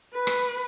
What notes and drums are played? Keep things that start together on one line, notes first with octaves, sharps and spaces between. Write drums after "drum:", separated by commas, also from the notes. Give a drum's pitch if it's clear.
B4
drum: rim click